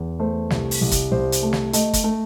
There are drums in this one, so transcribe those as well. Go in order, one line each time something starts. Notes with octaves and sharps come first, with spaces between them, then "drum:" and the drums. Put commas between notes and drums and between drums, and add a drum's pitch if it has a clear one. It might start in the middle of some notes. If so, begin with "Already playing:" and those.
Already playing: E2
A3 C5
C2, drum: snare
drum: open hi-hat
C2
drum: kick, hi-hat
C2 C5
drum: hi-hat
A3
drum: snare
A3 D#5, drum: hi-hat
drum: kick, hi-hat
A3